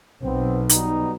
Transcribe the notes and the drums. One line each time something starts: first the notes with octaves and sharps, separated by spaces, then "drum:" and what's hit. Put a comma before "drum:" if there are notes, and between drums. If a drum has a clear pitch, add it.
B1 B3 C4
B2 G3 D#4, drum: hi-hat